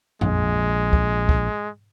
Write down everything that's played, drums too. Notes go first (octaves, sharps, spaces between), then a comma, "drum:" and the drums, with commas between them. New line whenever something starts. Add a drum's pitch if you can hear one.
A#1 G#3, drum: tom F2
drum: kick
drum: kick